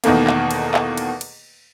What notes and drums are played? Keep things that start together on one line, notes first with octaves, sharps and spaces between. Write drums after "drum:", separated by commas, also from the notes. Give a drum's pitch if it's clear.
E2 B2 D#3 A3 A#3, drum: cymbal
drum: clap
drum: cymbal
drum: clap
drum: cymbal
drum: cymbal